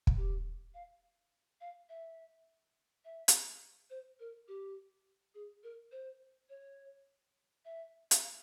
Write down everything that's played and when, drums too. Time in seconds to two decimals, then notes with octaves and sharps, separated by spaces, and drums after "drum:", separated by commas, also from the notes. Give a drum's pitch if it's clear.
0.07 drum: kick
0.17 G4
0.74 F5
1.61 F5
1.89 E5
3.05 E5
3.28 drum: hi-hat
3.90 C5
4.20 A#4
4.48 G4
5.35 G#4
5.63 A#4
5.92 C5
6.49 C#5
7.65 E5
8.11 E5, drum: hi-hat
8.22 F5